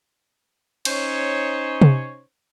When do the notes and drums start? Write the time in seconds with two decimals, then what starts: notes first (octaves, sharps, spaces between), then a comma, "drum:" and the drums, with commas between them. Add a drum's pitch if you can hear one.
0.85 C#4 D#4 C5 C#5, drum: cymbal
1.82 drum: tom C3